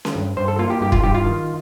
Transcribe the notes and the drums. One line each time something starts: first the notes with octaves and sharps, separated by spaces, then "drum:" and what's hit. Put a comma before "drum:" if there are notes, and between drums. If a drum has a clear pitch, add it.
drum: snare C#4
G2
G2 C5
A4
A#3 F4
G4
G2 G4
F4, drum: kick
G2 G4
F4
D#3